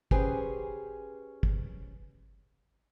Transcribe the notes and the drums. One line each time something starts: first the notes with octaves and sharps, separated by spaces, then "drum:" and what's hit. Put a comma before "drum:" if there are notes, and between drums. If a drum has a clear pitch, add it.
C#4 G4 G#4 B4 C5, drum: kick
drum: kick